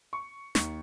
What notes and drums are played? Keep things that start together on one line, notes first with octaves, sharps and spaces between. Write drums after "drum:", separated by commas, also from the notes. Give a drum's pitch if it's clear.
C#6
D#2 D#3 C#6, drum: snare